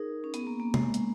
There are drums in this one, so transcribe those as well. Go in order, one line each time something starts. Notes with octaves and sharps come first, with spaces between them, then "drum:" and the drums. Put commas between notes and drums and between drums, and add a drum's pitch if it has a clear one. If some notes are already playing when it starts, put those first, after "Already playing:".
Already playing: D#4 G#4 A#4
C#4
B3, drum: hi-hat
A#3
A#3
G#3, drum: tom
drum: hi-hat